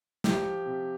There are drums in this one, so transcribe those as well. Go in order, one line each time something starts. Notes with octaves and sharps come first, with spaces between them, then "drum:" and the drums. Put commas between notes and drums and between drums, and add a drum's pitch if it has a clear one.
F3 G4, drum: snare
C3